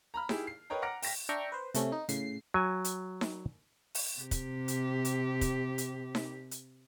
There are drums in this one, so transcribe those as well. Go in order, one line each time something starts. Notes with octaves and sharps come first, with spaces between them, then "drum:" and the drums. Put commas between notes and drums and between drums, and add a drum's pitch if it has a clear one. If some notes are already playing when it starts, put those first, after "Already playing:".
A#5 B5 F6
E4 G4 G#4, drum: snare D#4
C7
A#4 B4 C#5 D#5 G5 A#5
F#5 A#5 D6 F6 A#6 D7
G5 A#6 B6, drum: open hi-hat
D4 E5 G5 A#5 C#6
B4 C5
C3 A3 C#4, drum: hi-hat
D#4
A2 C#3 C7, drum: hi-hat
F#3 G#5
drum: hi-hat
drum: snare D#4
drum: open hi-hat
C3 G4
drum: kick, hi-hat
drum: hi-hat
drum: hi-hat
drum: kick, hi-hat
drum: hi-hat
drum: snare D#4
drum: hi-hat